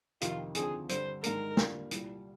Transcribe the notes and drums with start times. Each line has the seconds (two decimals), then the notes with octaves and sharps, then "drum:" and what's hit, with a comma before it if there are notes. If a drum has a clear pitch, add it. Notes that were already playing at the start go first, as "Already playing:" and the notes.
0.21 F2 C3 D#3 F4, drum: hi-hat
0.55 D#2 D3 F3 C4 G#4, drum: hi-hat
0.89 G2 D3 G3 C5, drum: hi-hat
1.24 G#2 D#3 G#3 D4 A#4, drum: hi-hat
1.57 D3 G3 A#3 D4 F4, drum: snare
1.91 C2 A#2 G3, drum: hi-hat